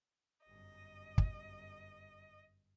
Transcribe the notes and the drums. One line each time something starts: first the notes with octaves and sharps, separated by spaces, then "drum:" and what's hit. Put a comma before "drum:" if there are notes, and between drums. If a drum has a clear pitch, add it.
G1 F#2 D#5
drum: kick